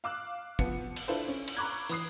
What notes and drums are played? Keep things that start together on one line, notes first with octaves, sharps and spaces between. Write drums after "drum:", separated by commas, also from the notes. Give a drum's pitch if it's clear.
F5 D6 E6 F#6
F3 B3 C#7, drum: kick
drum: cymbal
D4 E4 F4 A4 B4 C5
C#4
drum: cymbal
A#5 B5 C#6 D6 F#6 G#6
E3 B5 D#6 C7, drum: hi-hat